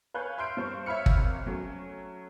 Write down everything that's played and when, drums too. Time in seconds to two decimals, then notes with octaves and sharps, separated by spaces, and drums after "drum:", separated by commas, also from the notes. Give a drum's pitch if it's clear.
0.14 B4 C#5 F5 G#5 F#6 G6
0.38 E5 C6 F6 G6 C7 D7
0.57 G2 C5 C#6
0.86 C#5 E5 F5 B5 F6 C#7
1.06 drum: kick
1.17 G#1
1.47 F#3 A3 C#4